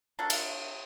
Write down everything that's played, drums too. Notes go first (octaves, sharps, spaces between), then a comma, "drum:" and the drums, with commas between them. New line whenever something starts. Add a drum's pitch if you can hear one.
A#3 D4 F#4 A4
drum: cymbal